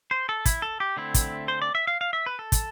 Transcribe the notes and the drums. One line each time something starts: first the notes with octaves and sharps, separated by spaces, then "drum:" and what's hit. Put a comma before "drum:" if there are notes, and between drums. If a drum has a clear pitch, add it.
C5
A4
E4, drum: kick, hi-hat
A4
G4
D3 A3 C4 E4
drum: kick, hi-hat
C5
D5
E5
F5
F5
E5
B4
A4
drum: kick, hi-hat